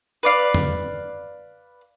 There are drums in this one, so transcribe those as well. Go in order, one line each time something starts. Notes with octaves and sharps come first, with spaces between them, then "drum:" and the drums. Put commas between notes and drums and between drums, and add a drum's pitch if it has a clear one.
B4 D5 F5
drum: tom